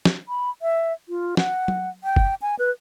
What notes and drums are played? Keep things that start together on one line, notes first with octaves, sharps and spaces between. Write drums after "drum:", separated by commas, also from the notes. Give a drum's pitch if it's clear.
drum: snare
B5
E5
F4
F#5, drum: snare
drum: tom
G5
drum: kick F#1
G#5
B4